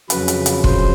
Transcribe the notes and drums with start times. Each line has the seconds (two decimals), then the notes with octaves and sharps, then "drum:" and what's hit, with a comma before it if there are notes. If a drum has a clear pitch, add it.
0.10 F2 C#3 F#3 B4, drum: hi-hat
0.28 drum: hi-hat
0.46 drum: hi-hat
0.64 C5, drum: kick F1